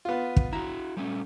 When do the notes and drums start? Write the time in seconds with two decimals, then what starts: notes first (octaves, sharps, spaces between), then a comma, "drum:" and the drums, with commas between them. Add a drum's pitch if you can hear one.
0.05 B3 F4
0.36 drum: kick
0.53 E4 F#4 A#5
0.97 G3 A3 C#4